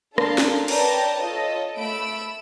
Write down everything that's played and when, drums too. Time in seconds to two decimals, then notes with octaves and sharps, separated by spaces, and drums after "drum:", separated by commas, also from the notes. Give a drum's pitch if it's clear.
0.18 D4 A4 A#4 F5 A5 C6, drum: rim click
0.38 drum: snare
0.68 B4 C#5 D5 G5 A5 A#5, drum: cymbal
1.19 F4 A4 C#5 D#5
1.78 A3 B5 E6 D7